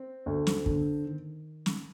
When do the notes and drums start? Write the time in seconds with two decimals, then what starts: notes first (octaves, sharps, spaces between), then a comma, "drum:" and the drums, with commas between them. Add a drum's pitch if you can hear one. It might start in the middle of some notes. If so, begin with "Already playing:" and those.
Already playing: C4
0.26 D2
0.47 drum: snare
0.66 D3, drum: kick
1.06 D#3
1.66 drum: snare